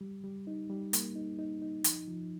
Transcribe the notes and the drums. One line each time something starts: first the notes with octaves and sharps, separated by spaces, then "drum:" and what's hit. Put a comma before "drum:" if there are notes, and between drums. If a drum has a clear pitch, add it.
G3
G3
D#4
G3
A#3, drum: hi-hat
D#4
D#4
D#4
F3, drum: hi-hat
F3